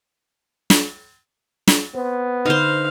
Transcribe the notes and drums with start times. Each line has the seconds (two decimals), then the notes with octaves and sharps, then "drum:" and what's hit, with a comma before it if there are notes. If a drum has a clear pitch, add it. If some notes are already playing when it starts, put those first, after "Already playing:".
0.70 drum: snare
1.68 drum: snare
1.95 B3 C5
2.46 D3 D#4 B4 C5 F5